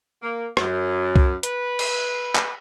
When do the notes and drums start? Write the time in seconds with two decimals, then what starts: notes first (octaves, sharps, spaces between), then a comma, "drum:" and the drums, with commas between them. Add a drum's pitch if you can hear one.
0.22 A#3
0.57 F#2, drum: rim click
1.16 drum: kick C2
1.43 B4, drum: hi-hat
1.79 drum: cymbal
2.35 drum: clap